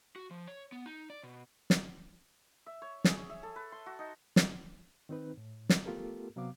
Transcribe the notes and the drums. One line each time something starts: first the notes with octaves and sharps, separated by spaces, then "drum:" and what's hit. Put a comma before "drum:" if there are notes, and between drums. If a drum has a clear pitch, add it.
F#4
F3
C#5
B3
D#4
D5
B2
drum: snare
E5
C#5
G#4, drum: snare
C#5
E5
A4
B4
C6
F#4
D#4
drum: snare
D#3 C4 D#4 B4
A2
drum: snare
A3 B3 F4 G4 A4 A#4
C3 F#3 B3 F5 D6